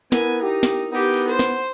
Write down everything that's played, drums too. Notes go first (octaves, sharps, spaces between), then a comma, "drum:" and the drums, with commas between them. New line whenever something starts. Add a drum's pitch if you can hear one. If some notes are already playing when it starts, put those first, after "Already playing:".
B3 E4 A#4 G#5, drum: snare
D#4 G4
drum: snare
B3 D#4 G4
drum: open hi-hat
C5
drum: snare